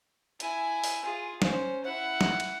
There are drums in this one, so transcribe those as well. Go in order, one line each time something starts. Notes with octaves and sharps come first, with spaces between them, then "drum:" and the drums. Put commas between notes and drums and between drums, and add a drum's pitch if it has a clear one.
E4 G#5, drum: hi-hat
drum: open hi-hat
F4 G#4
C#4 C5, drum: snare
E4 F#5
drum: snare
drum: cymbal